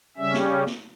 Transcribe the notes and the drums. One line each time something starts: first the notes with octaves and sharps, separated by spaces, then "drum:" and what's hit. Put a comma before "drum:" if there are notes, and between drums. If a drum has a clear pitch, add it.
C#3 G3 C#4 E5
drum: snare
drum: snare